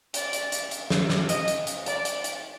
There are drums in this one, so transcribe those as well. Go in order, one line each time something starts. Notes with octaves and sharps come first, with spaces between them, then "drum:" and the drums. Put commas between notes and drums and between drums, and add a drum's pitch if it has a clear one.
D5, drum: hi-hat
drum: hi-hat
drum: hi-hat
drum: hi-hat
drum: snare
drum: snare
D#5, drum: hi-hat
drum: hi-hat
drum: hi-hat
D5, drum: hi-hat
drum: hi-hat
drum: hi-hat